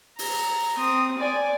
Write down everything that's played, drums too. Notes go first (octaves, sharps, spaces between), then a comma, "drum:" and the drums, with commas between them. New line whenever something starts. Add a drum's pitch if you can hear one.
A#5, drum: open hi-hat
C4 D#6
D5 G#5